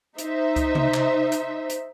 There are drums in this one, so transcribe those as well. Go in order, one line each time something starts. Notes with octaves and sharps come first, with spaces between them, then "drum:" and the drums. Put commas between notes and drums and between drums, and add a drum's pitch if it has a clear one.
D#4 C5 E5, drum: hi-hat
drum: kick C#2, hi-hat
drum: tom C3
drum: clap
drum: hi-hat
drum: hi-hat